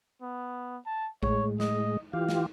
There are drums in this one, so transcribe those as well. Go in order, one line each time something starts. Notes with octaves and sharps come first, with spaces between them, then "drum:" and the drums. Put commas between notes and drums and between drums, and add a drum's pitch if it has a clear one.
B3
A5
A2 G#3 C#5, drum: kick A1
D#5, drum: snare
E3 F4 G4 F5
drum: snare